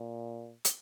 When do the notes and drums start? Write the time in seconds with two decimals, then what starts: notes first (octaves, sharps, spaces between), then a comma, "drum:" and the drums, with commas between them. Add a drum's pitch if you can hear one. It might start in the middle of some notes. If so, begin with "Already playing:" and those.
Already playing: A#2
0.65 drum: hi-hat